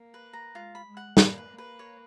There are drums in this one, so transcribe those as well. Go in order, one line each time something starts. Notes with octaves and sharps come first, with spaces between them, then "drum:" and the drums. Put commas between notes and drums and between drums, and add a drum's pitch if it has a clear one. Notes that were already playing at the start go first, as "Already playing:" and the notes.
Already playing: A#3
B4
A#5
G#3 F4
B5
G#3
F#5
A#3 B4, drum: snare
B4
A#3
B4
C#5